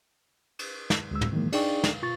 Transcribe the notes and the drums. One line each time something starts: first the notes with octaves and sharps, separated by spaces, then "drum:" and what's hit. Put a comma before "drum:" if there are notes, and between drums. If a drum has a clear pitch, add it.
drum: cymbal
drum: snare
D2 G#3 E6
drum: tom
A2 D#3 E3 F#3 G#3 A#3
D4 D#4 G#4 D5 G5 C#6, drum: cymbal
drum: snare
B2 F4 C#6 A6